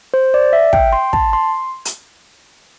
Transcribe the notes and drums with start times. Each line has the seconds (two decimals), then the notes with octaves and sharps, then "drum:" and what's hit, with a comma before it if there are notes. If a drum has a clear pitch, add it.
0.14 C5
0.34 D5
0.53 E5
0.73 G5, drum: kick
0.93 C6
1.13 A5, drum: kick
1.33 C6
1.85 drum: hi-hat